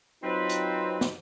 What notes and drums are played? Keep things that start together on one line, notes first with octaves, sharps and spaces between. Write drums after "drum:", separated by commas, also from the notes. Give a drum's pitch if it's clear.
F#3 C4 D#4 F4 B4
drum: hi-hat
drum: snare